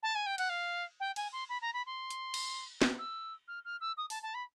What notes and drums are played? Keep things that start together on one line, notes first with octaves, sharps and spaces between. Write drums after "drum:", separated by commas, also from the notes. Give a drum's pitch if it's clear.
A5
G#5
G5
F#5, drum: cymbal
F5
G5
G#5, drum: cymbal
C6
B5
A#5
B5
C6
drum: hi-hat
drum: cymbal
drum: snare
E6
F6
F6
E6
D#6
A5, drum: open hi-hat
A5
B5